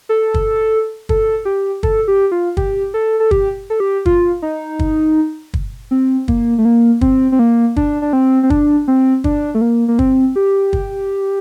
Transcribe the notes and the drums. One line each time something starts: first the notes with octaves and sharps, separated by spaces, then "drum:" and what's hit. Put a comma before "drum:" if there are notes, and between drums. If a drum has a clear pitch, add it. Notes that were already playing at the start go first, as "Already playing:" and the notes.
A4
drum: kick
A4, drum: kick
G4
A4, drum: kick
G4
F4
G4, drum: kick
A4
A4
G4, drum: kick
A4
G4
F4, drum: kick
D#4
drum: kick
drum: kick
C4
A#3, drum: kick
A3
A#3
C4, drum: kick
C4
A#3
D4, drum: kick
D4
C4
C4
D4, drum: kick
C4
D4, drum: kick
A3
A#3
A#3
C4, drum: kick
G4
drum: kick